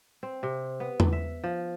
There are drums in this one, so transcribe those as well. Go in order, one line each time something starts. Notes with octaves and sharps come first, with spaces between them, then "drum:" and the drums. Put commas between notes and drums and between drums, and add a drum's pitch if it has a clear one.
C4
C3
B3
drum: tom E2
E5
F3